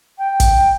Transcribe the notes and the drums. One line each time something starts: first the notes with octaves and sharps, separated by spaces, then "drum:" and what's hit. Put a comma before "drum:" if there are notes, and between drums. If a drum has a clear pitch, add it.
G5
drum: kick, hi-hat